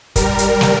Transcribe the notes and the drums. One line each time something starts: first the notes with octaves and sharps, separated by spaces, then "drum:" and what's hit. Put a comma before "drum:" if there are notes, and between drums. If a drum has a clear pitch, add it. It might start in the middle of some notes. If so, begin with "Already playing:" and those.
G3 A#4, drum: kick, hi-hat
drum: hi-hat
drum: snare